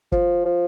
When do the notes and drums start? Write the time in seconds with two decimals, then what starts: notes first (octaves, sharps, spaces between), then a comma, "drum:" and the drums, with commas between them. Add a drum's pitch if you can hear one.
0.12 F3, drum: kick
0.45 F3